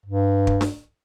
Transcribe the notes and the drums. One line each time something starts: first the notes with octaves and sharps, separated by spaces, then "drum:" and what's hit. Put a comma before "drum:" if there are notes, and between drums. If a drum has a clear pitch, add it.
G2
drum: kick
drum: snare D4